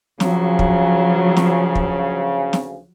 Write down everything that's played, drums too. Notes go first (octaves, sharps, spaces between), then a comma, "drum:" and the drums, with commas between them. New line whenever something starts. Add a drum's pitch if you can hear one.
D2 C#3 F3 F#3, drum: snare
drum: kick
drum: snare
drum: kick
drum: snare